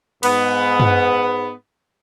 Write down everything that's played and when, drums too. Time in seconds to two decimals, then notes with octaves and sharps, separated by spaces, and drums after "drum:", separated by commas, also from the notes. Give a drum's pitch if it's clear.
0.23 G#2 B3, drum: cymbal
0.80 drum: tom